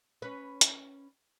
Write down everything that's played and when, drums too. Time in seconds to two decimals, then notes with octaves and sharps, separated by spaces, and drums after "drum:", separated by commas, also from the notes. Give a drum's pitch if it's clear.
0.22 C#4 B4
0.61 drum: hi-hat